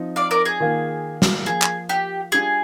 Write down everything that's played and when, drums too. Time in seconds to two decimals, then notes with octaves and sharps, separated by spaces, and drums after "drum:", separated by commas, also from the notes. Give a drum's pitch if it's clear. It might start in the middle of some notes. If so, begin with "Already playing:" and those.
Already playing: F3 C4 D#4
0.16 D5 F5
0.31 A#4 D5
0.45 G#4
0.60 D#3 A#3 F4
1.22 drum: snare
1.46 F3 A#3 F4 G#4
1.62 drum: clap
1.89 G4
2.32 G3 D4 F4 G#4